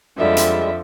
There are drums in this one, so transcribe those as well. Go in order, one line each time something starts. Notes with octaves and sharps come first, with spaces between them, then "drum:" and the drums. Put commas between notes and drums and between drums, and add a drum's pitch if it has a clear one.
F2 D3 F3 G3 G#3 E5
drum: hi-hat